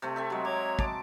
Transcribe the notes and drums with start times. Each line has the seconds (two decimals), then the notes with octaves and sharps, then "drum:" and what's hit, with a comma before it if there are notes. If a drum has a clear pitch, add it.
0.02 C3 A3 C4
0.16 C4 A4 E5
0.30 F#3 G#3
0.45 C#5 A#5 D6 G#6
0.79 A5 D6, drum: kick